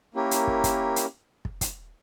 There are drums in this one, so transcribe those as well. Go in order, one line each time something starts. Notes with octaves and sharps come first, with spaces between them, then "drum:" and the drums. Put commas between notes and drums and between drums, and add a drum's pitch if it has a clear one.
A#3 C#4 E4 G4 A#4
drum: hi-hat
drum: kick
drum: kick, hi-hat
drum: hi-hat
drum: kick
drum: kick, hi-hat